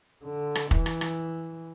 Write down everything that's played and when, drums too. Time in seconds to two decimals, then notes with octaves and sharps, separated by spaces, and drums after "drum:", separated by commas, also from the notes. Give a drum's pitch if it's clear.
0.25 D3
0.55 drum: rim click
0.71 E3, drum: kick
0.86 drum: rim click
1.01 drum: rim click